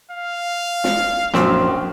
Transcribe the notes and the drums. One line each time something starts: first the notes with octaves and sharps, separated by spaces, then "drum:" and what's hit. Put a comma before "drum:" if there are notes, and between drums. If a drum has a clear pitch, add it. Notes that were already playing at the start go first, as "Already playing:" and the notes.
F5
drum: snare
A#1 F#2 C4, drum: snare